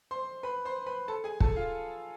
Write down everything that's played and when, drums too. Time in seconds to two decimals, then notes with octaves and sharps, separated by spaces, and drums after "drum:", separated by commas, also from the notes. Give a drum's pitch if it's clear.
0.11 C5 C6
0.43 B4 B5
0.65 C5 C6
0.86 B4 B5
1.08 A4 A5
1.24 G#4 G#5
1.40 A4 A5, drum: kick
1.56 F4 F5